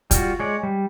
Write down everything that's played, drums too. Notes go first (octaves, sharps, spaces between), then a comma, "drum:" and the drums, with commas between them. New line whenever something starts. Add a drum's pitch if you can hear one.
G3 F4 F#4, drum: kick, hi-hat
G#3 C#5 D5
G3